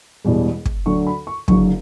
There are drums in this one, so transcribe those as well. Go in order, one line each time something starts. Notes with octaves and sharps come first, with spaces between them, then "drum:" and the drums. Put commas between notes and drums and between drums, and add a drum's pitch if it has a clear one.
E1 E2 B2 G3
drum: kick
D2 D3 F#3 C#6
B5
C#6
F#1 F#2 D3 F#3 C#6, drum: kick